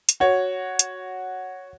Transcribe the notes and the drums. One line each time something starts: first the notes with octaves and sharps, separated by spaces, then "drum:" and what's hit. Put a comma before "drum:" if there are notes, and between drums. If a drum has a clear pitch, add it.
drum: hi-hat
F#4 C#5
drum: hi-hat